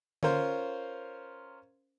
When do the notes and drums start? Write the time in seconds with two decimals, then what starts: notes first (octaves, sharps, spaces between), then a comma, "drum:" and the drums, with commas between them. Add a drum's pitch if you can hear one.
0.23 C#4 F4 A#4 C5, drum: tom D3